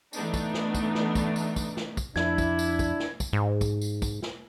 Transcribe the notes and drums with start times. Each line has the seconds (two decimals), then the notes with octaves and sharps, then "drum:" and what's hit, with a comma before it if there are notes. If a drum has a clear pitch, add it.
0.13 E3 A3 B3 D4 D#4, drum: tambourine
0.34 drum: kick, tambourine
0.54 drum: snare
0.74 drum: kick, tambourine
0.95 drum: snare
1.15 drum: kick, tambourine
1.36 drum: tambourine
1.56 drum: kick, tambourine
1.77 drum: snare
1.97 drum: kick, tambourine
2.16 F2 D4 E4 G#6, drum: snare
2.38 drum: kick, tambourine
2.59 drum: tambourine
2.79 drum: kick, tambourine
3.00 drum: snare
3.20 drum: kick, tambourine
3.33 G#2
3.61 drum: kick, tambourine
3.82 drum: tambourine
4.02 drum: kick, tambourine
4.22 drum: snare